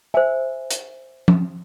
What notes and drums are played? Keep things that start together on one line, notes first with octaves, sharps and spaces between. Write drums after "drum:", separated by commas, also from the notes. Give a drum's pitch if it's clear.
C5 E5 G#5
drum: hi-hat
drum: tom F3